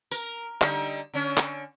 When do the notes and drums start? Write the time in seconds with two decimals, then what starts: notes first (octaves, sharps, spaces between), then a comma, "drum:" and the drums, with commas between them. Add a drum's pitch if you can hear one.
0.11 A#4, drum: tambourine
0.61 D3 G3 D#4, drum: clap
1.14 D3 C#4
1.37 drum: clap